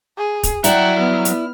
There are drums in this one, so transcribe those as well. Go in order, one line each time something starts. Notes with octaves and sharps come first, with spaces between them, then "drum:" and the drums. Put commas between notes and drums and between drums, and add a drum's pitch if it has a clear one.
G#4
drum: kick, hi-hat
F#3 E4 D5 E5 F#5 G5 A#5, drum: hi-hat
B3 F6
drum: hi-hat